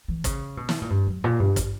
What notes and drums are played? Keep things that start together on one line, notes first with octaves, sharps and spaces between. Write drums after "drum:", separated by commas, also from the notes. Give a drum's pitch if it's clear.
E3
C#3, drum: kick, hi-hat
B2
drum: snare
A#2
G2
F#2
A#2
G2
drum: kick, hi-hat